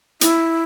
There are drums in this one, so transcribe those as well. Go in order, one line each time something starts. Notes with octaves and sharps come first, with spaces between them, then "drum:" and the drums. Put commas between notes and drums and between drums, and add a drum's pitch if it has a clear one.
E4, drum: hi-hat